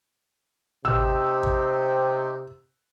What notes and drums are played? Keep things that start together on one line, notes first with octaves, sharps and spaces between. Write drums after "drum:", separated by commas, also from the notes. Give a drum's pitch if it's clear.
C3 C4 D#4 G4 E6, drum: tom G#1
drum: kick A1